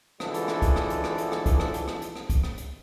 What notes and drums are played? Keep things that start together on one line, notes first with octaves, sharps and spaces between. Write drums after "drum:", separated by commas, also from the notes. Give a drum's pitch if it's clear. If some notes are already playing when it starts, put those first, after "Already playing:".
B1 D3 E3 F3 G#3 A4, drum: rim click
drum: hi-hat
drum: rim click
drum: kick, hi-hat
drum: rim click
drum: hi-hat
drum: rim click
drum: hi-hat
drum: rim click
drum: kick, hi-hat
drum: rim click
drum: hi-hat
drum: rim click
drum: hi-hat
drum: rim click
drum: kick, hi-hat
drum: rim click
drum: hi-hat